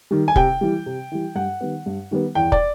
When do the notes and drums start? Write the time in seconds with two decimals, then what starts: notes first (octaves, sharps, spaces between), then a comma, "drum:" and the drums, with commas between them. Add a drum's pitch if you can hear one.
0.11 D#3 G3
0.28 G#5
0.36 C3 G5, drum: kick
0.61 E3 G3
0.86 C3
1.12 E3 G3
1.35 G2 F#5
1.61 D#3 G3 B3
1.86 G2
2.11 D#3 G3 B3
2.35 E2 G5
2.52 D5, drum: kick